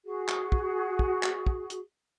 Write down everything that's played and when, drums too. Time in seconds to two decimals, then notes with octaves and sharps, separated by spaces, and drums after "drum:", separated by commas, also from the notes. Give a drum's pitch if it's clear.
0.05 F#4 G#4
0.28 drum: clap
0.52 drum: kick
0.99 drum: kick
1.23 drum: clap
1.46 drum: kick
1.70 drum: hi-hat